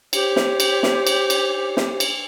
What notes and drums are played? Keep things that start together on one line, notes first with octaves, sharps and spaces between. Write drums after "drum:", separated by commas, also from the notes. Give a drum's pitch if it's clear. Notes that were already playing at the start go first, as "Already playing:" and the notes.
G4 C5 C#5, drum: cymbal
drum: snare
drum: cymbal
drum: snare
drum: cymbal
drum: cymbal
drum: snare
drum: cymbal